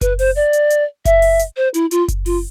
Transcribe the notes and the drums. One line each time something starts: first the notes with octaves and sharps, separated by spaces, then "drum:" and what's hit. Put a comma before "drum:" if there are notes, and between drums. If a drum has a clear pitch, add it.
B4, drum: kick F#1, hi-hat
C5, drum: open hi-hat
D5
drum: hi-hat
drum: hi-hat
E5, drum: kick F#1, hi-hat
drum: open hi-hat
drum: hi-hat
C5
E4, drum: hi-hat
F4, drum: hi-hat
drum: kick F#1, hi-hat
F4, drum: open hi-hat